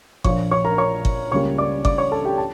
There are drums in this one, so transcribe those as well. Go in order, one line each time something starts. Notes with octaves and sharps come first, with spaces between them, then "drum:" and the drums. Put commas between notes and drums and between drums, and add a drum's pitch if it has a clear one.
A#1 A#2 F3 C#5 C#6, drum: kick G1
C#5 C#6
A#4 A#5
C#5 C#6
drum: kick G1
C#2 C#3 G3 A#3 C#5 C#6
D5 D6
D5 D6, drum: kick G1
C#5 C#6
A4 A5
G4 G5
A5